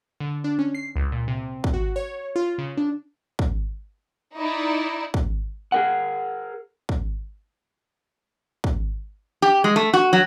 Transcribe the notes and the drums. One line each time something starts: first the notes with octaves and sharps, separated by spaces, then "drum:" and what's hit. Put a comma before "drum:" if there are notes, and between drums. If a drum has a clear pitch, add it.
D3
D4
C#4
C7
C#2
A#2
C3
drum: kick
F#4
C#5
F4
C#3
D4
drum: kick
D#4 E4 D5
drum: kick
G#4 A#4 F#5
drum: kick
drum: kick
G4
G#3
A3
F#4
F#3